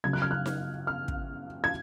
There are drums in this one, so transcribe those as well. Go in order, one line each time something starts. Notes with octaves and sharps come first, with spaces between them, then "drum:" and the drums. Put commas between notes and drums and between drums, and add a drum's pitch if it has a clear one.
C#3 F#3 G#6
F#6
F6
F#6
drum: snare D#4
F6
drum: kick
G#6